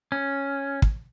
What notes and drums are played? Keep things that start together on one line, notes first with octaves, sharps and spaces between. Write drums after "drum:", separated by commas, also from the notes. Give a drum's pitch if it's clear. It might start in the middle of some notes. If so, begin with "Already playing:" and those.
C#4
drum: kick